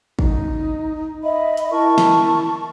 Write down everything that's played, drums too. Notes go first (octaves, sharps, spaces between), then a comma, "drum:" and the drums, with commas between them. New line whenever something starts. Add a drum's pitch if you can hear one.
D#4, drum: kick
D#5 E5 B5
drum: hi-hat
E4 A#4 A5 C#6
drum: snare